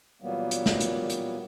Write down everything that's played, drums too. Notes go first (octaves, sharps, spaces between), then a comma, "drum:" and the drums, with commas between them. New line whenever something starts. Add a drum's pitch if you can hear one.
A#2 E3 F#3 G3 A#3 B3
drum: hi-hat
drum: snare
drum: hi-hat
drum: hi-hat